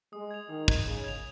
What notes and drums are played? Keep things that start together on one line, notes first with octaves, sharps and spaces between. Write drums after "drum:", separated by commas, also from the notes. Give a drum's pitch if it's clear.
G#3 D#6
G#6 F7
D#3 D#6
G#6 F7, drum: kick
C#3 D#6
G#6 F7